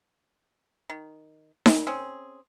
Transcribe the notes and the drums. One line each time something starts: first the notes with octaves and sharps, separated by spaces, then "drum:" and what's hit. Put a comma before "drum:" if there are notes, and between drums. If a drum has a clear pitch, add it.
D#3
drum: snare D#4
C4 C#4 G#4